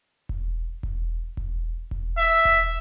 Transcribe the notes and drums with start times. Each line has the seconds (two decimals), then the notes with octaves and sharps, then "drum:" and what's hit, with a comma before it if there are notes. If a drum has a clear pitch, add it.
0.29 drum: kick E1
0.83 drum: kick E1
1.37 drum: kick E1
1.91 drum: kick E1
2.18 E5
2.45 drum: kick E1